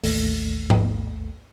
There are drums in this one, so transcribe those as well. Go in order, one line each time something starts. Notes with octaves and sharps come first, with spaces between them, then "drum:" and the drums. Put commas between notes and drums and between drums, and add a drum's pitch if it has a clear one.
A1 D#2 A3, drum: open hi-hat
drum: tom G#2